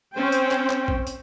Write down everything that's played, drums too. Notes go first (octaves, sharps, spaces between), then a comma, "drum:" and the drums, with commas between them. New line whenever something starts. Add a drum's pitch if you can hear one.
C4 C#4 C5 G5
drum: hi-hat
drum: clap
drum: clap
drum: kick
drum: hi-hat